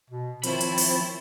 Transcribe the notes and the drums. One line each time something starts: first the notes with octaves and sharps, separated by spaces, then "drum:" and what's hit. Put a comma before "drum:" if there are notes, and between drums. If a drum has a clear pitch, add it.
B2
D#3 F3 C4 E4 C5 C#5 A5 B5, drum: hi-hat
drum: hi-hat
drum: open hi-hat